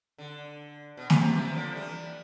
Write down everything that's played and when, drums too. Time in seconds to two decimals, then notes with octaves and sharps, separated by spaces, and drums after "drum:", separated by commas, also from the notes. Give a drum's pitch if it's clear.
0.18 D3
0.97 B2
1.10 C3, drum: snare
1.23 C3
1.36 C3 E3
1.56 D3 F3
1.75 E3 G3